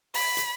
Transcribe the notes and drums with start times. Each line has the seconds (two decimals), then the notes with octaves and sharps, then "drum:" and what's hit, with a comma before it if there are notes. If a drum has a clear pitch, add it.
0.14 B5, drum: open hi-hat
0.37 drum: hi-hat